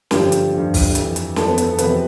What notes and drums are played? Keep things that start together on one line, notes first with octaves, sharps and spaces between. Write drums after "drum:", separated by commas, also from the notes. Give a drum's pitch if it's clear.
G2 D3 F3 G4, drum: snare
drum: hi-hat
G2 D3 F3
drum: kick, open hi-hat
F2 E3, drum: hi-hat
drum: hi-hat
F2 E3 A4, drum: snare
B3
B3, drum: hi-hat
A4
E2 C3 F3 B4, drum: hi-hat